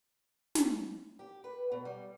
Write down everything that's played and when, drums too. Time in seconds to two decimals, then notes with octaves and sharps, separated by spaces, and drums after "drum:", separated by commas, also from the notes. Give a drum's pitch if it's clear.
0.55 drum: snare
1.19 G4
1.44 B4
1.72 B2
1.85 G3